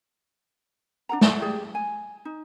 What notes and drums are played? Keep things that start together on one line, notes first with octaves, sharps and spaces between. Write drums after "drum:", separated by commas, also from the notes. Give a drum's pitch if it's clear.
D4 A#4 F#5 A#5
A4 D5 F#5, drum: snare
G4 G#4 D5
G#5
D#4